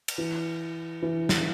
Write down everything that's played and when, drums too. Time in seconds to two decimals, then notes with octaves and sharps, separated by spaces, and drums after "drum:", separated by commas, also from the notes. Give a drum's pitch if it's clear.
0.08 drum: cymbal
0.18 E3
1.02 E3
1.29 drum: snare